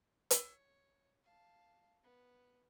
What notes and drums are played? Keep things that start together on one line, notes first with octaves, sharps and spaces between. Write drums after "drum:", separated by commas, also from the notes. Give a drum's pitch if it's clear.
C#5, drum: hi-hat
F5 A5
B3